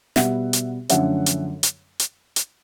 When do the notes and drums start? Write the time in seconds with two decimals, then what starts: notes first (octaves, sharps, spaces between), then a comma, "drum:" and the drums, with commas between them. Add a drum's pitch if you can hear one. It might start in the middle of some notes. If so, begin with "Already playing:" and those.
0.16 B2 G3 B3 E5 F#5, drum: snare
0.53 drum: hi-hat
0.89 F#2 D3 F3 A3 C#4 E5 F#5, drum: hi-hat
1.26 drum: hi-hat
1.63 drum: hi-hat
1.99 drum: hi-hat
2.36 drum: hi-hat